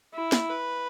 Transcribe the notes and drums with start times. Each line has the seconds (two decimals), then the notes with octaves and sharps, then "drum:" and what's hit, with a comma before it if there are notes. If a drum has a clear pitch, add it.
0.14 E4
0.32 drum: snare
0.50 B4